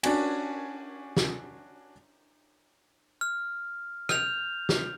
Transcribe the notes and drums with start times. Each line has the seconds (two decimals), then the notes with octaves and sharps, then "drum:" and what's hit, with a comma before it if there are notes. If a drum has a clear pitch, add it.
0.03 C#4 D4 F#4 G#5, drum: cymbal
1.17 drum: snare
3.21 F6
4.09 F6 G6 F7, drum: rim click
4.69 drum: snare